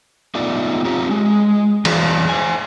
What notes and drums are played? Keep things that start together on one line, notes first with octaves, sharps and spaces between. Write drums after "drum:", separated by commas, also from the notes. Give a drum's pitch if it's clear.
A3 B3 D#4 F4 D5
C4 F4 G4 C#5 A#5
G#3
E2 E3 F#4 C5, drum: cymbal
C5 G#5